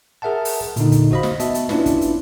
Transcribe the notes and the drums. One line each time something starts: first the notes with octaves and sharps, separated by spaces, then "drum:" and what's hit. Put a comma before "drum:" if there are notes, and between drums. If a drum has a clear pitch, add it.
G#4 A#4 E5 F#5 A5
drum: open hi-hat
A#2 D3 D#4, drum: hi-hat
drum: kick, hi-hat
F#4 C5 D#5 F5 B5
drum: snare
B3 F#4 D#5 E5 A5, drum: hi-hat
drum: hi-hat
C#4 D4 E4 F4 B4, drum: snare
drum: kick, hi-hat
drum: hi-hat